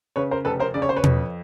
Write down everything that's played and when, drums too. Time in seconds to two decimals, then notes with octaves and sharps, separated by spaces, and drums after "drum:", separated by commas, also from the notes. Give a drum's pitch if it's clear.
0.16 C#3 B4 C#5
0.31 A#4 C5
0.45 F1 A4 B4
0.60 A#4 C5
0.74 C#3 D5
0.82 C#5
0.89 C5
0.96 B4 C#5
1.04 F2, drum: tom B2